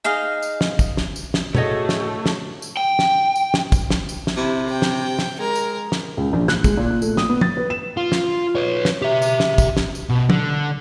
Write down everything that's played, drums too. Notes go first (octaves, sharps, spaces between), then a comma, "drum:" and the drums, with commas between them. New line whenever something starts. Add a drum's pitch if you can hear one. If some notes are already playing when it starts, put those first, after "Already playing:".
D#4 G#4 D#5 F5
drum: tambourine
drum: snare
drum: kick, tambourine
drum: snare
drum: tambourine
drum: snare
A2 A3 F#4 G#4 A4 C#5 D#5, drum: tom
drum: snare
drum: snare
drum: tambourine
G5
drum: snare
drum: tambourine
drum: snare
drum: kick, tambourine
drum: snare
drum: tambourine
drum: snare
C3 E4
G5
drum: snare
drum: snare
G#3 A#4
drum: tambourine
drum: snare
C#2
A#1
F#6, drum: snare
G#3, drum: kick, tambourine
A#2
A#2
A3, drum: tambourine
D#6, drum: snare
B3
A6, drum: tom
B4
E7
F4
drum: snare
B4 C#5
drum: snare
G4 E5
drum: tambourine
drum: snare
drum: kick, tambourine
drum: snare
drum: tambourine
B2
D3, drum: tom